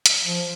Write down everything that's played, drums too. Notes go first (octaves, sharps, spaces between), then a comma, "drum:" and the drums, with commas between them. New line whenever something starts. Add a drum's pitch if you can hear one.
drum: hi-hat
F3